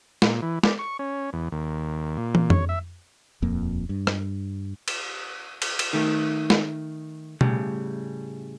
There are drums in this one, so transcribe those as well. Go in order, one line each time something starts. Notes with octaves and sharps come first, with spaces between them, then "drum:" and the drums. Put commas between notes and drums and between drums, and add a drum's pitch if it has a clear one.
A#2, drum: snare
E3
D5, drum: snare
C#6
C#4
E2
D#2
A#2
drum: tom
C#5, drum: tom F2
E5
D#1 F2 A#3
G2
drum: rim click
drum: cymbal
drum: cymbal
drum: cymbal
D#3 A3
drum: snare
A2 C#3 G3, drum: tom B2